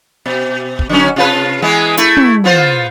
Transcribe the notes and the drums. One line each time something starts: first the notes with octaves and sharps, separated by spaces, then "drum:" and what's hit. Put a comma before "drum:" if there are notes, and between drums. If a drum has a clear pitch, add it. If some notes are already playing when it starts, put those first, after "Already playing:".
B2
drum: kick
D3 F#3 C#4
C3 F4 B4
E3 G#3 B3
A3 E4, drum: hi-hat
drum: tom
B3 F4 C5